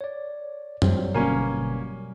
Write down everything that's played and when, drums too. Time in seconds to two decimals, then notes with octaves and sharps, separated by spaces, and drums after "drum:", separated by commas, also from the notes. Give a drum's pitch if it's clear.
0.01 C#5 D5
0.82 F#3 G3 C4, drum: tom F#2
1.14 G1 B2 A#3 C#4 G#5